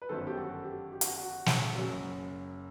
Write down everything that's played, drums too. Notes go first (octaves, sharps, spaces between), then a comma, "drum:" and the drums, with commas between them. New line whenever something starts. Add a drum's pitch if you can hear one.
B4
G1 F#2 D#3 A4 C5
G4
F#4 A4
G4
G4
F#4, drum: hi-hat
F#4
drum: snare
F#1 F#2 F#3